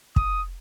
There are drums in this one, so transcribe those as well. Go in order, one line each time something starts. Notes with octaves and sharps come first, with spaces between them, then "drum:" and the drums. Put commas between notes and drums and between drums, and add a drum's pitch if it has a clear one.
D#6, drum: kick